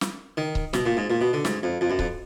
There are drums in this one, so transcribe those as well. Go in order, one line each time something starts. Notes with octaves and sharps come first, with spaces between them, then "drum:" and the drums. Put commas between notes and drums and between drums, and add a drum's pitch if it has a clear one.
drum: snare
D#3
drum: kick C#1
B2, drum: snare
A#2
G#2
A#2
B2
D3
G#2, drum: snare
F2
F2
F#2
F2, drum: kick C#1